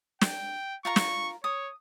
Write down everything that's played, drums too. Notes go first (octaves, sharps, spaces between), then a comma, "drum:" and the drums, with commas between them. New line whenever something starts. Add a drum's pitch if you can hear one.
G5, drum: snare
F4 A#4 A#5 C#6
drum: snare
C#5 D#6